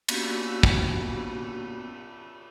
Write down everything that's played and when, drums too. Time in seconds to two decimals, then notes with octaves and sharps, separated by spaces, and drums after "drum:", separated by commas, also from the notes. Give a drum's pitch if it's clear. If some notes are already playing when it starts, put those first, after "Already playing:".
0.08 A#3 B3 C#4 D4 F#4 G4, drum: cymbal
0.63 drum: kick